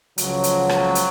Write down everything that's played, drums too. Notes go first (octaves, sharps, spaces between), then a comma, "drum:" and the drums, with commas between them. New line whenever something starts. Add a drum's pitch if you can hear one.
C#2 C#3 F3 F#3, drum: hi-hat
drum: hi-hat
drum: rim click
drum: hi-hat